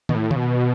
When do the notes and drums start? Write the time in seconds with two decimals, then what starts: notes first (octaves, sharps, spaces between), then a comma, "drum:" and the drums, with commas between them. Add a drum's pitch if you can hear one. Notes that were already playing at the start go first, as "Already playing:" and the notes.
0.09 B2, drum: tom
0.15 A2
0.31 C#3, drum: tom
0.36 B2